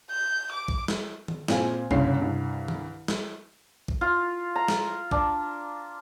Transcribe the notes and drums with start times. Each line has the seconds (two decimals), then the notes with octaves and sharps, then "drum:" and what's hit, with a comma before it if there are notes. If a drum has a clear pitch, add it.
0.10 G6
0.53 D6
0.68 drum: kick
0.88 drum: snare
1.28 drum: tom D#3
1.48 A#2 C4 F5 G#5, drum: snare
1.91 F#1 C2 G2 C#3 C#5 C7, drum: kick
2.22 C2 G2
2.68 drum: tom D#3
3.08 drum: snare
3.88 drum: kick
4.01 F4
4.56 A#5
4.68 drum: snare
5.11 D4, drum: kick